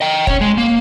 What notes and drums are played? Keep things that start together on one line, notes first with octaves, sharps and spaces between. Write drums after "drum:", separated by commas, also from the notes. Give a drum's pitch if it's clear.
D#5 G5
C#4 C#5, drum: kick
G#3
A#3